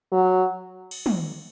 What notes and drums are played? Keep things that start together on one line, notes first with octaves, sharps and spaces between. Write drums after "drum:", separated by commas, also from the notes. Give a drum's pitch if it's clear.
F#3
drum: cymbal
drum: tom